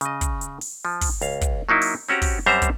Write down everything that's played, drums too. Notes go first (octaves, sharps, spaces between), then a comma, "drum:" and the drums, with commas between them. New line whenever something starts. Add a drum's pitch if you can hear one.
C#3 D#5, drum: hi-hat
drum: kick, hi-hat
drum: hi-hat
drum: open hi-hat
F3
drum: kick, open hi-hat
C#2 F5, drum: hi-hat
drum: kick, hi-hat
F#3 A#3 D#4 E4
drum: open hi-hat
C4 C#4 F#4 G4 A#5
drum: kick, open hi-hat
F#2 G3 C4 C5 E5 A#5
drum: kick, hi-hat